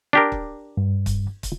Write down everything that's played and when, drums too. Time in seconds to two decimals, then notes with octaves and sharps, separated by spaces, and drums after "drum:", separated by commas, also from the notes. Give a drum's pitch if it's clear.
0.13 D4 G4 A#4
0.32 drum: kick
0.77 G2
1.06 drum: kick, hi-hat
1.43 drum: kick, hi-hat